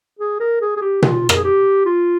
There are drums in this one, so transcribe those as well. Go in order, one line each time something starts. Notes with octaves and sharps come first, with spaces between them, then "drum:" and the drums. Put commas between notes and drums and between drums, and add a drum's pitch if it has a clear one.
G#4
A#4
G#4
G#4
G4
F4, drum: tom B2
A#4, drum: rim click
G#4
G4
F4